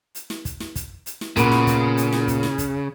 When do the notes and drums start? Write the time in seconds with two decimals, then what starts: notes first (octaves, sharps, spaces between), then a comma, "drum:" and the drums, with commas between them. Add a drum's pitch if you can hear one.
0.15 drum: hi-hat
0.30 drum: snare
0.45 drum: kick, hi-hat
0.60 drum: snare
0.76 drum: kick, hi-hat
1.06 drum: hi-hat
1.21 drum: snare
1.36 A#2 C#3 B3, drum: kick, hi-hat
1.52 drum: snare
1.67 drum: kick, hi-hat
1.97 drum: hi-hat
2.12 drum: snare
2.28 drum: kick, hi-hat
2.43 drum: snare
2.58 drum: kick, hi-hat